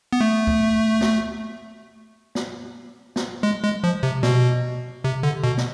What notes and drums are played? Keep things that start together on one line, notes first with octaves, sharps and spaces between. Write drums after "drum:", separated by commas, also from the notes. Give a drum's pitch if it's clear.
B3
A3
drum: kick C#2
drum: snare
drum: snare
drum: snare
G#3
G#3
F3
C3
B2, drum: snare
C3
D3
B2
drum: snare